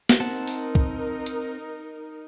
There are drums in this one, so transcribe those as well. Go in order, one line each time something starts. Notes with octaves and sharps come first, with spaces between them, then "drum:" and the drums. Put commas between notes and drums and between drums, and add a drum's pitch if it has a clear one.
drum: snare
C4 D#4 A#4 F#5 A5
drum: open hi-hat
drum: kick C2
drum: hi-hat